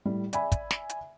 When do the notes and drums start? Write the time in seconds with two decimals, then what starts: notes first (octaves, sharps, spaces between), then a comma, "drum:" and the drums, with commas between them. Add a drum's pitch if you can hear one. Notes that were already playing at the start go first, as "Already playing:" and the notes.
0.05 A2 G3
0.33 D5 E5 G#5 B5, drum: hi-hat
0.52 drum: kick, hi-hat
0.71 drum: snare
0.89 drum: hi-hat